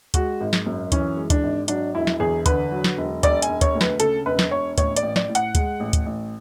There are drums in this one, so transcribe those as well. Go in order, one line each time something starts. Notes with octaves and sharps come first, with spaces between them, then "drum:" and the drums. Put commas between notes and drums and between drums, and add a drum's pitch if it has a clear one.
G#3 F#4, drum: kick, hi-hat
G#1
drum: snare
F#2
E3 C#4, drum: kick, hi-hat
G#3
D4, drum: kick, hi-hat
G#1
F#3 D4, drum: hi-hat
E1 E4
drum: snare
E2 G#4
D3 B4, drum: kick, hi-hat
F#3
drum: snare
E1
E1 D5, drum: kick, hi-hat
G#5, drum: hi-hat
E1
C#5, drum: kick, hi-hat
D2
B4, drum: snare
C#3 A4, drum: hi-hat
E1 B4
drum: snare
E1 C#5
A1 C#5, drum: kick, hi-hat
D5, drum: hi-hat
A1
D5, drum: snare
A2
F#5, drum: hi-hat
G#3, drum: kick, hi-hat
A1
drum: kick, hi-hat
A1